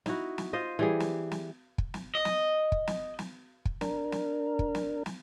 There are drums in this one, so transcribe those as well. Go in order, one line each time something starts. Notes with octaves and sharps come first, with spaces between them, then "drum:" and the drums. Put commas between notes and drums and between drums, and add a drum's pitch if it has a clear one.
D#4 E4 F#4, drum: snare
drum: snare
F4 C5 D#5
E3 G3 G#4
drum: snare
drum: snare
drum: kick
drum: snare
D#5
drum: snare
drum: kick
drum: snare
drum: snare
drum: kick
D4 A#4, drum: snare
drum: snare
drum: kick
drum: snare
drum: snare